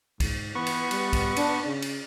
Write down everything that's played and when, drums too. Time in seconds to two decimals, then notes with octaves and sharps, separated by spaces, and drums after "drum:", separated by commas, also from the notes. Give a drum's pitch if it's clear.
0.20 G#2, drum: kick B1, cymbal
0.55 E3 B3 C#6
0.66 drum: cymbal
0.91 G3, drum: cymbal
1.13 drum: kick B1, cymbal
1.36 D4, drum: cymbal
1.66 C#3
1.82 drum: cymbal